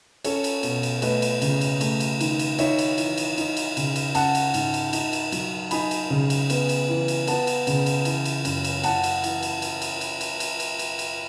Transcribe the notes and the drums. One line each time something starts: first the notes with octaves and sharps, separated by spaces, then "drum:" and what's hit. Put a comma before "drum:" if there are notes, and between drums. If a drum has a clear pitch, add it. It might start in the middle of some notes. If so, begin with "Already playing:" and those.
C#4 A4 C#5, drum: cymbal
drum: cymbal
B2, drum: cymbal
drum: cymbal
A3 B4 D#5, drum: cymbal
drum: cymbal
C#3, drum: cymbal
drum: cymbal
A3, drum: cymbal
drum: cymbal
D#3, drum: cymbal
drum: cymbal
D#4 C#5 E5, drum: cymbal
drum: cymbal
E3, drum: cymbal
drum: cymbal
D#4, drum: cymbal
drum: cymbal
C#3, drum: cymbal
drum: cymbal
C#4 F#5 A5, drum: cymbal
drum: cymbal
G#2, drum: cymbal
drum: cymbal
D#4, drum: cymbal
drum: cymbal
F#3, drum: cymbal
D#4 G#5 B5, drum: cymbal
drum: cymbal
C#3
drum: cymbal
B3, drum: cymbal
drum: cymbal
E3
drum: cymbal
B3 F#5 A5, drum: cymbal
drum: cymbal
C#3, drum: cymbal
drum: cymbal
E3, drum: cymbal
drum: cymbal
F#2, drum: cymbal
drum: cymbal
E4 F#5 A5, drum: cymbal
drum: cymbal
E3, drum: cymbal
drum: cymbal
drum: cymbal
drum: cymbal
drum: cymbal
drum: cymbal
drum: cymbal
drum: cymbal
drum: cymbal
drum: cymbal